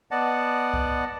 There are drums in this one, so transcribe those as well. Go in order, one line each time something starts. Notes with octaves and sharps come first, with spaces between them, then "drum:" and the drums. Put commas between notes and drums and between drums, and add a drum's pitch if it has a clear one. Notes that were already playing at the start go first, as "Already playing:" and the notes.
B3 D5 D#5 F#5 A5
drum: kick B1